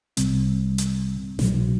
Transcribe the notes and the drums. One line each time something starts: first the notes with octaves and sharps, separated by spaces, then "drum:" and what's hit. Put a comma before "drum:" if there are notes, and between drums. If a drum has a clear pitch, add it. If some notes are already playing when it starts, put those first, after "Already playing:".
C2 C3 G3 C4, drum: hi-hat
drum: hi-hat
C2 B2 F#3, drum: snare